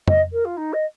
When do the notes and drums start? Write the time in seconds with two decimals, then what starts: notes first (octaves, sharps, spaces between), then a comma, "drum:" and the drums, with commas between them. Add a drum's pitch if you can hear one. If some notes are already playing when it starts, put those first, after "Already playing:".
0.08 D#5, drum: tom F2
0.32 A#4
0.45 F4
0.57 D#4
0.73 D#5